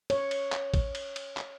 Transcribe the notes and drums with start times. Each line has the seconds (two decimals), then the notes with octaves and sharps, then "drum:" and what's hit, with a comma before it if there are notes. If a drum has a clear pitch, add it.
0.10 C#5, drum: cymbal
0.31 drum: cymbal
0.52 drum: clap
0.74 drum: kick A1, cymbal
0.95 drum: cymbal
1.16 drum: cymbal
1.37 drum: clap